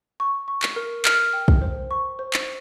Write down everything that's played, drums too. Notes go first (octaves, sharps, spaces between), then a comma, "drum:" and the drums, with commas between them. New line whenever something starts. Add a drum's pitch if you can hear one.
C#6
C#6
drum: clap
A#4
F6, drum: clap
G5
drum: kick
C5
C#6
C5
drum: clap